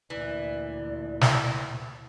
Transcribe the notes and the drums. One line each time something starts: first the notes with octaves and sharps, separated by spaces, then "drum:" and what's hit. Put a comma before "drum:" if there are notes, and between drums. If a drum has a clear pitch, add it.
D2 A#2 E3 D5
drum: snare